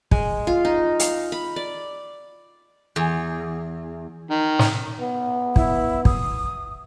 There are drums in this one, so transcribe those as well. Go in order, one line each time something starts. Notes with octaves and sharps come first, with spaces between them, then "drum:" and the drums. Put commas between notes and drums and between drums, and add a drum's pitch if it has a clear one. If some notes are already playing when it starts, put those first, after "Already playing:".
G#3, drum: kick
F4
D#4
F5, drum: hi-hat
B5
D5
E2
D#3
drum: snare
B3
E4, drum: kick
D#6, drum: kick